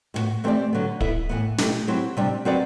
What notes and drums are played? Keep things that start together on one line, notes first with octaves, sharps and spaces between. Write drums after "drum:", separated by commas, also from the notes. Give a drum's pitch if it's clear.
A2 G3 B3 F#4
E3 A3 C4 G4 D5
D3 F#3 B3
B3 E4 A4 E5, drum: kick
A2 E3 B3
B2 A3 E4 G4, drum: snare
F#3 C4 E4 G4
C3 G3 D4
F#3 C4 F#4 B4 D5